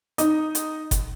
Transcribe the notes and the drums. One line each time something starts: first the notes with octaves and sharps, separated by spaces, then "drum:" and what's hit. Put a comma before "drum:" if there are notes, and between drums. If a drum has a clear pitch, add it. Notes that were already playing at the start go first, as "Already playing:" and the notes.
D#4, drum: hi-hat
drum: hi-hat
drum: kick F#1, hi-hat